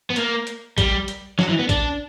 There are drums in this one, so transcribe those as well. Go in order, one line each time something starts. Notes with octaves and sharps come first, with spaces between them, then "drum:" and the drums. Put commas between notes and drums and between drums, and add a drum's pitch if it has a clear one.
B3
A#3, drum: hi-hat
drum: hi-hat
G3, drum: kick A1, hi-hat
drum: hi-hat
F#3, drum: snare
E3
B3
D4, drum: kick A1, hi-hat